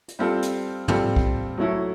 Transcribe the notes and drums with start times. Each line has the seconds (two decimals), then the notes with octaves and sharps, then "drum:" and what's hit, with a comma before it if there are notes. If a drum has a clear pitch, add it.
0.08 drum: hi-hat
0.19 G3 C4 F4 A4
0.42 drum: hi-hat
0.88 G3 C4 F4 A4, drum: tom
1.16 drum: kick
1.57 F#3 A3 C#4 E4 A4